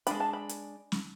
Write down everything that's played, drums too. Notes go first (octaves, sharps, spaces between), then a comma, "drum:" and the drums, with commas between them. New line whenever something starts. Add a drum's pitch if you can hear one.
G#3 D4 B5, drum: hi-hat
A5
B5
drum: hi-hat
drum: snare